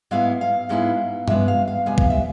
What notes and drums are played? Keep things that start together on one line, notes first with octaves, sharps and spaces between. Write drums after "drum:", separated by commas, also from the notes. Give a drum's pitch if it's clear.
G#2 G#3 B3 E4 F5
F5
G#2 G#3 B3 E4
C3 G#3 B3 E5, drum: tom G2
F5
F5
C3 G#3 B3 G#5
F5, drum: kick B1
E5